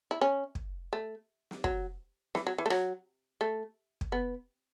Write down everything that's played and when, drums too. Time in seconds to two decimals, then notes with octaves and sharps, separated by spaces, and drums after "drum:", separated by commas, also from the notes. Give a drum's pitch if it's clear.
0.11 E4
0.21 C#4
0.55 drum: kick
0.93 A3
1.51 drum: snare
1.64 F#3, drum: kick
2.35 E3, drum: snare
2.47 F#3
2.58 E3
2.66 A3
2.70 F#3, drum: rim click
3.41 A3
4.01 drum: kick
4.12 B3